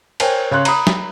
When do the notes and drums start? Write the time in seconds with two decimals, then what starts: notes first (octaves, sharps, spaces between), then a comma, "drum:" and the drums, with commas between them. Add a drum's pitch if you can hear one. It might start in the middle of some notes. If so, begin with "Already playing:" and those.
0.20 A#4 C5 C#5 G5 G#5, drum: cymbal
0.51 C#3 C#5 C6 F#6
0.65 A#5 B5 D#6, drum: cymbal
0.87 drum: snare